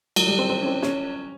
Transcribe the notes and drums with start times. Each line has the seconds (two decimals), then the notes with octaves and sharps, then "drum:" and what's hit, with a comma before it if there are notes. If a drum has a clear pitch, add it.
0.16 F#3, drum: cymbal
0.27 G3
0.39 C4
0.50 C4
0.62 C#4
0.66 C4
0.82 C#4, drum: snare